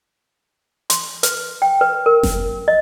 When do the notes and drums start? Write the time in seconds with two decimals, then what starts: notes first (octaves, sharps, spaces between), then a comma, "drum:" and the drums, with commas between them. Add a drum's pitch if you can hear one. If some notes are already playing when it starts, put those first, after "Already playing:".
0.90 C6, drum: hi-hat
1.23 B4, drum: hi-hat
1.62 G5
1.81 B4
2.06 A#4
2.23 drum: snare F#1
2.68 D#5